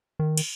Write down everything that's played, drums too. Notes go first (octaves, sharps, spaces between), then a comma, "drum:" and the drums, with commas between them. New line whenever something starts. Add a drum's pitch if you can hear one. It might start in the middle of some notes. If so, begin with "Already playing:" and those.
D#3
drum: cymbal